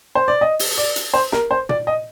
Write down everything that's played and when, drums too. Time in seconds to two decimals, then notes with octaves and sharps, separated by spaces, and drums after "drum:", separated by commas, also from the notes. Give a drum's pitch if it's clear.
0.15 C5
0.28 D5
0.41 D#5
0.59 drum: open hi-hat
0.78 D5
0.96 drum: hi-hat
1.14 C5
1.32 A#4, drum: snare
1.51 C5
1.69 D5, drum: tom A#2
1.87 D#5